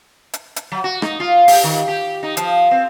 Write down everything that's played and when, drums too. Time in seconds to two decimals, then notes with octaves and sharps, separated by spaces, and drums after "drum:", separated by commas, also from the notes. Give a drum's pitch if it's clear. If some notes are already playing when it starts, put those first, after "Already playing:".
0.33 drum: hi-hat
0.56 drum: hi-hat
0.72 F#3
0.84 F#4
1.02 D#4, drum: rim click
1.20 F4
1.48 G4, drum: open hi-hat
1.64 D#3
1.88 G4
2.23 D#4
2.37 F3, drum: hi-hat
2.71 C4